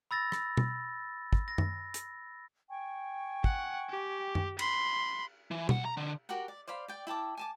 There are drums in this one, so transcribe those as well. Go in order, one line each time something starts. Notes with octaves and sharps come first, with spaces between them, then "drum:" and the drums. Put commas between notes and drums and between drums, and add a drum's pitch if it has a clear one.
B5 E6 A6 A#6
drum: rim click
drum: tom B2
drum: kick
A#6
drum: tom F#2
drum: hi-hat
G5 G#5 C#6
F#5, drum: kick
G4
drum: tom F#2
B5 C6, drum: cymbal
E3
B1 F#5, drum: tom B2
A#5
D3
F#4 G4 A#4 F#5
D5
C5 D5 F5 B5
D5 G5
E4 G5 A5 D6
G#5 A5 D6